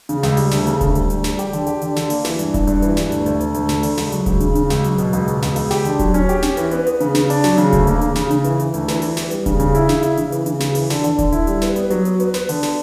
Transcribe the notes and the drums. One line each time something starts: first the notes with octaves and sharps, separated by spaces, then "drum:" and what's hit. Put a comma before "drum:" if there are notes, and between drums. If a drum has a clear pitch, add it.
C#3, drum: hi-hat
C#2, drum: snare
G3, drum: open hi-hat
D2, drum: snare
C#3, drum: hi-hat
D2, drum: kick D#1, hi-hat
G3, drum: hi-hat
D2, drum: hi-hat
G3, drum: snare
G4, drum: hi-hat
D3, drum: hi-hat
G4, drum: hi-hat
D3, drum: hi-hat
D3, drum: snare
A#3, drum: open hi-hat
E3, drum: snare
G2, drum: hi-hat
G2, drum: kick D#1, hi-hat
G2, drum: hi-hat
E3, drum: hi-hat
G2, drum: snare
D2, drum: hi-hat
D2, drum: hi-hat
D2, drum: hi-hat
D2, drum: hi-hat
D2, drum: snare
D3, drum: open hi-hat
C#2, drum: snare
F#3, drum: hi-hat
C#2, drum: kick D#1, hi-hat
C#3, drum: hi-hat
C#3, drum: hi-hat
C#2, drum: snare
F#3, drum: hi-hat
B2, drum: hi-hat
C#2, drum: hi-hat
B2, drum: hi-hat
C#2, drum: snare
C#2, drum: open hi-hat
G4, drum: snare
D3, drum: hi-hat
F#3, drum: kick D#1, hi-hat
C#4, drum: hi-hat
G4, drum: hi-hat
C#4, drum: snare
E3, drum: hi-hat
B3, drum: hi-hat
B3, drum: hi-hat
C#3, drum: hi-hat
C#3, drum: snare
D4, drum: open hi-hat
F#3, drum: snare
C#3, drum: hi-hat
D2, drum: kick D#1, hi-hat
A#3, drum: hi-hat
C#3, drum: hi-hat
C#3, drum: snare
C#3, drum: hi-hat
E3, drum: hi-hat
E3, drum: hi-hat
D2, drum: hi-hat
E3, drum: snare
E3, drum: open hi-hat
B3, drum: snare
G3, drum: hi-hat
C#3, drum: kick D#1, hi-hat
C#3, drum: hi-hat
E4, drum: hi-hat
C#3, drum: snare
E4, drum: hi-hat
C#3, drum: hi-hat
E3, drum: hi-hat
C#3, drum: hi-hat
C#3, drum: snare
E3, drum: open hi-hat
D3, drum: snare
D3, drum: hi-hat
D3, drum: kick D#1, hi-hat
E4, drum: hi-hat
G3, drum: hi-hat
B3, drum: snare
B3, drum: hi-hat
F#3, drum: hi-hat
B3, drum: hi-hat
B3, drum: hi-hat
B3, drum: snare
D3, drum: open hi-hat
drum: snare